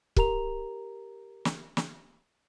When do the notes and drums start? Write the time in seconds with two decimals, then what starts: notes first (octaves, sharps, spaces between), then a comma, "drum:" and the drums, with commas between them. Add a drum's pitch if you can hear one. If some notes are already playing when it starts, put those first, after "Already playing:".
0.16 G4 A#4 A#5 F7, drum: kick
1.45 drum: snare
1.77 drum: snare